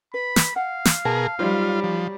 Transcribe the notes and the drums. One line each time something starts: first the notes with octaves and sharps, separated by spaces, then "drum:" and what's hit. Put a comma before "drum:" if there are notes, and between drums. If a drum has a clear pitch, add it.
B4 B5
drum: snare
F5 F#5
drum: snare
B2 G#4 A#4 A5
F#3 G3 D#4 F4 C5
F3